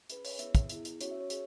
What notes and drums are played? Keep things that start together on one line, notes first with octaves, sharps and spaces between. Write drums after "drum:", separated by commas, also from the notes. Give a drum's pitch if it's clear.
C#4 G#4 B4, drum: hi-hat
C#5, drum: open hi-hat
B3 E4 G#4 E5, drum: hi-hat
drum: kick, hi-hat
B3 E4 G#4, drum: hi-hat
drum: hi-hat
C#4 F#4 C#5, drum: hi-hat
E5
C#5
G#4, drum: hi-hat